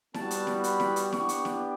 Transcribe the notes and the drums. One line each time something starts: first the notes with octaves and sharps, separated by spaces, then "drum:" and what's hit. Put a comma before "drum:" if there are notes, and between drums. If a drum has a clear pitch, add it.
G3 B3 F#4 A5, drum: snare E4
drum: hi-hat
drum: snare E4
B5, drum: hi-hat
drum: snare E4
drum: hi-hat
B3 D4 G4 C#6, drum: snare E4
drum: hi-hat
drum: snare E4